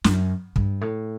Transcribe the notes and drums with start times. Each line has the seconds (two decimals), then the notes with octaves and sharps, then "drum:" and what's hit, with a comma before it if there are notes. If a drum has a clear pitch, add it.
0.04 F#2, drum: snare
0.56 G2, drum: kick
0.81 A2